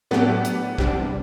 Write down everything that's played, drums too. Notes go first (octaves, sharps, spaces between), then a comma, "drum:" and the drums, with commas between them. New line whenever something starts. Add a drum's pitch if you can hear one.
A2 F#3 A3 B3 D4 G4
drum: hi-hat
E2 C3 G3 D4, drum: kick